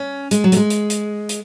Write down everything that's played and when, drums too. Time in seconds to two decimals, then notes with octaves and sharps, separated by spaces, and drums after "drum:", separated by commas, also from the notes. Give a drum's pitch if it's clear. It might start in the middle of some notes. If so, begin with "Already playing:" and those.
Already playing: C#4
0.31 G#3, drum: hi-hat
0.44 F#3
0.52 A3, drum: hi-hat
0.57 G#3
0.70 drum: hi-hat
0.90 drum: hi-hat
1.29 drum: hi-hat